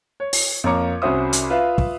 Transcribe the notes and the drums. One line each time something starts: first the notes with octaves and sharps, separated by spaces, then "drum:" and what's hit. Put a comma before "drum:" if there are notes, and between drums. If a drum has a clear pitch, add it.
C#5
drum: open hi-hat
F2 A#3 C#5 A#5 D6 C#7
C2 C#4 F#4 C5 E5 D#6
drum: hi-hat
F4 B4 E5 F5
drum: kick